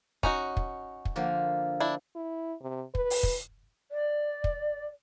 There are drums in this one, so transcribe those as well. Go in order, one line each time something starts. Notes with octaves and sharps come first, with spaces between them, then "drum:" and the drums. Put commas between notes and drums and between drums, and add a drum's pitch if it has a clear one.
C#4 D#4 F#4, drum: kick
drum: kick
drum: kick
D3 F3 A#3
D4 E4
E4
C3
B4, drum: kick
drum: open hi-hat
drum: kick
D5
drum: kick